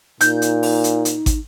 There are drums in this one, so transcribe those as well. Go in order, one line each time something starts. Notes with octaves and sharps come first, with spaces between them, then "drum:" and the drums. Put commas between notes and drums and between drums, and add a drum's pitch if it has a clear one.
A#2 D#4 G6, drum: hi-hat
drum: hi-hat
drum: open hi-hat
drum: hi-hat
drum: hi-hat
drum: kick, hi-hat